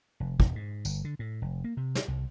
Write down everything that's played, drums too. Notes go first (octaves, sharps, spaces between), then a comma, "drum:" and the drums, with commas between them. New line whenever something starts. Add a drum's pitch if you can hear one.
F1
E1, drum: kick
G#2
G1, drum: tambourine
D3
A2
F1
A#3
C3
drum: snare
C2